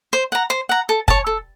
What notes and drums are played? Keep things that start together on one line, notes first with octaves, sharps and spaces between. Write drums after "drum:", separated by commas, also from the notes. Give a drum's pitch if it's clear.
C5
F#5 A#5
C5
F#5 A#5
A4
C#5 A5, drum: kick
A4